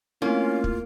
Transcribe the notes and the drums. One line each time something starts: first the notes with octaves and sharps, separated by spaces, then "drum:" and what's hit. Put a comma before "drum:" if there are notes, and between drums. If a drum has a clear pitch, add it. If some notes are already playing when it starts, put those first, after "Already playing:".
A3 A#3 C4 C#4 E4 F4
drum: kick